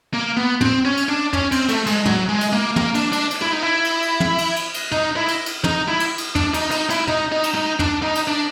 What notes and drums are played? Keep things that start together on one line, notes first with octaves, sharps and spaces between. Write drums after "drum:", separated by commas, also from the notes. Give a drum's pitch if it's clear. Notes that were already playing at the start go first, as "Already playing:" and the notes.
A#3
B3
C4, drum: tom
C#4
drum: cymbal
D4
C#4, drum: tom
C4, drum: cymbal
A3, drum: cymbal
G#3, drum: cymbal
F#3, drum: tom
G#3
drum: cymbal
A#3
A#3, drum: tom
D4, drum: cymbal
D4, drum: cymbal
drum: cymbal
E4
D#4
E4
drum: cymbal
drum: cymbal
drum: tom
drum: cymbal
drum: cymbal
drum: cymbal
D#4, drum: tom
E4
drum: cymbal
drum: cymbal
D#4, drum: tom
E4
drum: cymbal
drum: cymbal
D4, drum: tom
D#4, drum: cymbal
D#4, drum: cymbal
E4, drum: cymbal
D#4, drum: tom
D#4
drum: cymbal
D#4
D4, drum: tom
D#4
drum: cymbal
D4